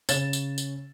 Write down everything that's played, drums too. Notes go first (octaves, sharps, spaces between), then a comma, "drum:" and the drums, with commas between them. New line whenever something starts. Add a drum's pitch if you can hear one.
C#3 C#5 A6 E7, drum: tambourine
drum: tambourine
drum: tambourine